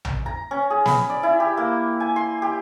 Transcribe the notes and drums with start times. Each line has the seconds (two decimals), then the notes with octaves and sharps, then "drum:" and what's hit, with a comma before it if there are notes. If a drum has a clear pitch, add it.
0.05 drum: tom A#1
0.26 A#5
0.51 C#4
0.70 G#4
0.86 B5, drum: snare
1.10 D5
1.23 E4
1.40 G4
1.57 A#3
2.00 G#5
2.16 C6
2.42 G4